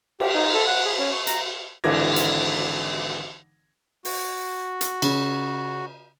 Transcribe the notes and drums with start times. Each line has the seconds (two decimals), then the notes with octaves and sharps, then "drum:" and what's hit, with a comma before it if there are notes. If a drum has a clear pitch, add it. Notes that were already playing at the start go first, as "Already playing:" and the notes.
0.20 G4, drum: cymbal
0.35 D#4
0.54 A4
0.67 F#5
0.85 G#4
0.99 C#4
1.12 C#6
1.27 A#5, drum: hi-hat
1.84 G#1 D3 E3 D6 G#6 A#6, drum: cymbal
2.16 drum: hi-hat
4.05 F#4, drum: open hi-hat
4.81 drum: hi-hat
5.02 C#3, drum: cymbal